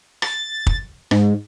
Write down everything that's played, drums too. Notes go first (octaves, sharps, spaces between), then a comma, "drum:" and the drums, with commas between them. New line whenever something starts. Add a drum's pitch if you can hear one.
A6, drum: rim click
drum: kick
G#2, drum: rim click